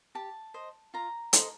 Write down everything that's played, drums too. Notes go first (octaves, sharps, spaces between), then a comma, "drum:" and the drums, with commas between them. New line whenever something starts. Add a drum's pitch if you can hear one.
G4 A5
C5 D#5
F4 A#5
A4 C5 D#5, drum: hi-hat